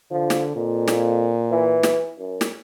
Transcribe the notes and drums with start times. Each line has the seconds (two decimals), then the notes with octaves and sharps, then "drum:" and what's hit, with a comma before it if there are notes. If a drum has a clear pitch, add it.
0.11 D3 F3
0.30 drum: snare
0.56 F2 A#2
0.88 drum: snare
1.51 E3
1.83 drum: snare
2.19 F#2
2.41 drum: snare